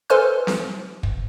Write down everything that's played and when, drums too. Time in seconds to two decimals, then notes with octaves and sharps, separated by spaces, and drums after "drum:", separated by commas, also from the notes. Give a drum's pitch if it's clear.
0.10 A4 B4 C5 G#5 C6 F6
0.47 drum: snare C4
1.03 drum: kick